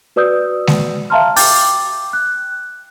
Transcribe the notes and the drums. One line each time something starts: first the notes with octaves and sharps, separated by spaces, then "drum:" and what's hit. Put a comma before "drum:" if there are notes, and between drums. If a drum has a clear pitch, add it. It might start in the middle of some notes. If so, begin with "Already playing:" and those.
F#4 B4 D5 D#6 E6 G6
drum: snare G#3
E5 F5 A5 A#5 C6 F6
G5 D6 G6 A6, drum: open hi-hat
F#6